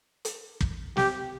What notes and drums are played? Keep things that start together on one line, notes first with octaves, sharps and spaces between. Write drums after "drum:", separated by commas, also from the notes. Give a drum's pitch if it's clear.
drum: hi-hat
drum: kick
G4, drum: snare